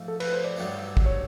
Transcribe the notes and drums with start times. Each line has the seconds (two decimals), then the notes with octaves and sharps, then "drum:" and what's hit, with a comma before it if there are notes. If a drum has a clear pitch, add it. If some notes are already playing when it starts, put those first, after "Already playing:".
Already playing: G#2 F3 A3
0.08 A4
0.20 B4, drum: cymbal
0.33 C5
0.44 D5
0.56 G2 D#3 F#3 A3 D4
0.97 drum: kick
1.06 C#5